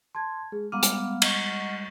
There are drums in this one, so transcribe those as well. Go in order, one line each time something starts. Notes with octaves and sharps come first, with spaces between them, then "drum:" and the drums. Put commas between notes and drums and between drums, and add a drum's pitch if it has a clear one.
A5 C6 G#6
G#3 G#4
G3 G#3 B3 F5 F#5 A#5 D6 F6
drum: hi-hat
D#5 F#5 A#5 C#6, drum: cymbal